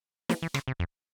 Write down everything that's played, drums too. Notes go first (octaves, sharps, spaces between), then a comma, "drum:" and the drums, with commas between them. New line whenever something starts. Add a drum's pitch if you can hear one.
F3, drum: snare
E3
C#3, drum: rim click
C3
F2